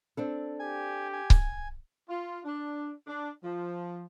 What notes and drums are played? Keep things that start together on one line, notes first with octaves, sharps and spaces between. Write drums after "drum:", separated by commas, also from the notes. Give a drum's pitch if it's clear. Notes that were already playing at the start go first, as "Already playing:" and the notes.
C4 D4 A4
G4 G#5
G#5
drum: kick C#1
F4
D4
D4
F3